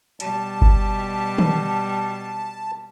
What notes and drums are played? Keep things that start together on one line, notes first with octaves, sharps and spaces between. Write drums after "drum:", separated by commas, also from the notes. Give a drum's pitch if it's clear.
B2 G3 A5, drum: hi-hat
drum: kick G1
drum: tom